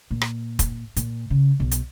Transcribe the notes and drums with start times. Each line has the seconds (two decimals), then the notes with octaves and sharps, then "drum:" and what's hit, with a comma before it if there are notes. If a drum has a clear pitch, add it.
0.11 A#2
0.21 drum: rim click
0.59 drum: kick, hi-hat
0.96 A#2, drum: hi-hat
1.30 C#3
1.60 B1
1.71 drum: hi-hat